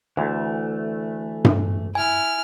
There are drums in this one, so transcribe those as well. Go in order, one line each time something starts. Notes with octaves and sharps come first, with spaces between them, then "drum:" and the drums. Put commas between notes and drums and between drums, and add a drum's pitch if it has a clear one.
D2 E3 A3
drum: tom G2
E4 G#5 F6